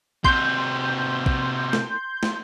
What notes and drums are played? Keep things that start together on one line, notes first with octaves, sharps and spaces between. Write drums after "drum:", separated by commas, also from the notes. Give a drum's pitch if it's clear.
C3 F#4 C6 G6, drum: kick
drum: kick
drum: snare
drum: snare